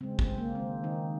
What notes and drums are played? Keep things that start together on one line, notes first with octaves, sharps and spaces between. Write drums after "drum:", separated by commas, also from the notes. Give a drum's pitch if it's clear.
C#3 G#3 C4
C4, drum: kick
A#3
D#3 G#3 C4
D#3 D#4